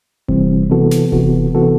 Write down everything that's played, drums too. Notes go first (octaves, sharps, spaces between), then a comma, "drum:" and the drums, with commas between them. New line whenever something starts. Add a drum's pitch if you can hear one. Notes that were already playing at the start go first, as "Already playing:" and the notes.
C3 E3 G3 C4, drum: kick E1
C3 E3 B3 F#4 A4
drum: snare
C3 E3 B3 F#4 A4, drum: kick E1
C3 E3 B3 F#4 A4